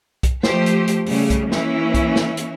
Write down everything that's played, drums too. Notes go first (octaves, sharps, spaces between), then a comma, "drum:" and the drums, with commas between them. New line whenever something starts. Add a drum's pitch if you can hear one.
drum: kick B1, hi-hat
F3 A3 G4 C5, drum: snare
drum: hi-hat
drum: hi-hat
C#3 G3 A3, drum: open hi-hat
drum: kick B1, hi-hat
E3 A#3 C#4 E4, drum: snare
drum: kick B1, hi-hat
drum: snare
drum: hi-hat